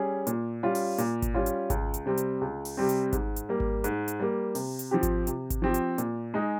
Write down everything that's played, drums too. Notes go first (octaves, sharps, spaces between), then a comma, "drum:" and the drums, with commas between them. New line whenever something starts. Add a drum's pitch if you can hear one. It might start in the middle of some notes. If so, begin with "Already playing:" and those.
Already playing: G3 C#4 G#4
A#2, drum: hi-hat
G3 C#4 F4
drum: open hi-hat
A#2, drum: hi-hat
drum: kick G#1, hi-hat
G3 C#4 F4
drum: hi-hat
C#2, drum: kick G#1, hi-hat
drum: hi-hat
C3 G3 C4
drum: hi-hat
C#2
drum: open hi-hat
C3 G3 C4
drum: hi-hat
G#2, drum: kick G#1, hi-hat
drum: hi-hat
G3 A#3
drum: kick G#1
G#2, drum: hi-hat
drum: hi-hat
G3 A#3
C3, drum: open hi-hat
drum: hi-hat
F3 C4 G4
drum: kick G#1, hi-hat
C3, drum: hi-hat
drum: kick G#1, hi-hat
F3 C4 G4
drum: hi-hat
A#2, drum: hi-hat
G#3 D#4 G#4